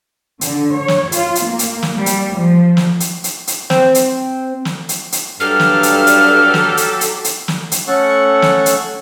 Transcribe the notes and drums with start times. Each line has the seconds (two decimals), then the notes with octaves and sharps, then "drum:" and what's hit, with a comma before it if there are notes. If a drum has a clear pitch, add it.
0.41 D3, drum: hi-hat
0.73 C#5
0.88 drum: snare
1.12 F4, drum: hi-hat
1.35 drum: hi-hat
1.46 A#3
1.59 drum: hi-hat
1.82 drum: snare
1.95 G3
2.06 drum: hi-hat
2.36 F3
2.77 drum: snare
3.00 drum: hi-hat
3.24 drum: hi-hat
3.47 drum: hi-hat
3.70 C4, drum: snare
3.95 drum: hi-hat
4.65 drum: snare
4.89 drum: hi-hat
5.12 drum: hi-hat
5.40 G2 F#3 G4 A4 F6
5.59 drum: snare
5.83 drum: hi-hat
6.07 drum: hi-hat
6.54 drum: snare
6.77 drum: hi-hat
7.01 drum: hi-hat
7.24 drum: hi-hat
7.48 drum: snare
7.72 drum: hi-hat
7.87 A3 C#4 A4 F#5 C#6
8.42 drum: snare
8.66 drum: hi-hat